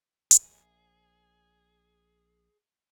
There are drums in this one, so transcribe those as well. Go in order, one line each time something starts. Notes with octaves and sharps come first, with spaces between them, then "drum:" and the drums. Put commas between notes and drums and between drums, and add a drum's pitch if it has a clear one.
A#1 G#4, drum: hi-hat